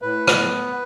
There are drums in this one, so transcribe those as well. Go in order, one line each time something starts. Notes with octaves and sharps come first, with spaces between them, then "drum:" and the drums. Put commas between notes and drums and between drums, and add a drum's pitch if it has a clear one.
A2 B4
B3, drum: rim click